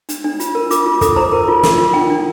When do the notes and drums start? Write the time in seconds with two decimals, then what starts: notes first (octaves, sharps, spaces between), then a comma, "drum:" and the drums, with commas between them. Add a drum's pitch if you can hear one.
0.09 D4, drum: hi-hat
0.24 D4
0.40 F4, drum: hi-hat
0.55 A#4
0.71 F4 D6, drum: hi-hat
0.86 F4
1.01 A4 D6, drum: kick, hi-hat
1.16 C5 A#5
1.32 A#4
1.48 F4
1.63 A#4, drum: snare
1.78 F4
1.94 D4 G5
2.10 D4